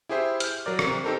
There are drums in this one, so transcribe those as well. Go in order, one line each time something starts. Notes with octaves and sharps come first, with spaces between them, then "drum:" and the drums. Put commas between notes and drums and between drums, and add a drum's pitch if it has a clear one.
E4 G4 G#4 C5 E5
F6 G6, drum: hi-hat
F#3 A#4 D5
C3 A#5, drum: rim click
D#4 G4 A4 A#4 C5